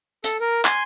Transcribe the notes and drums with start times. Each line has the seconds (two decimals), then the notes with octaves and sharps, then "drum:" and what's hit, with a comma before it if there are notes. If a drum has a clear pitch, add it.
0.24 A4, drum: hi-hat
0.40 A#4
0.65 G#5 C6, drum: clap